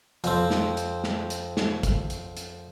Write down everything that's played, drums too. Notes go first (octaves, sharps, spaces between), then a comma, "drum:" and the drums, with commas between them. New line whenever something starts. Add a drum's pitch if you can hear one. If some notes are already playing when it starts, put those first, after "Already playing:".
F2 C4, drum: hi-hat
drum: snare
drum: hi-hat
drum: snare
drum: hi-hat
drum: snare
drum: kick, hi-hat
drum: hi-hat
drum: hi-hat